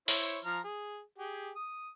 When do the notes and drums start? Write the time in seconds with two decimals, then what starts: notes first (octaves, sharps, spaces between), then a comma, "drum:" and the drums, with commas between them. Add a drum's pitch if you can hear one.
0.08 E4 C5 C#5, drum: open hi-hat
0.45 F3 A#5 F6
0.64 G#4
1.18 G4 G#4
1.56 D#6